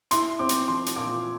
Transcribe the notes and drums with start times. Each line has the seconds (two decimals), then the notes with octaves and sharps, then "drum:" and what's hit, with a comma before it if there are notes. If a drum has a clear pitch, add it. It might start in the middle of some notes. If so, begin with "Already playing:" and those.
0.11 E4 C6, drum: hi-hat
0.39 C4 D6
0.49 drum: hi-hat
0.68 F3 C6
0.86 drum: hi-hat
0.96 A#2 D6